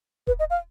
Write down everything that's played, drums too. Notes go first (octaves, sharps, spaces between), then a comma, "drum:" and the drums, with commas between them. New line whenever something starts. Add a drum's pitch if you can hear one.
B4, drum: kick D#1
D#5
F5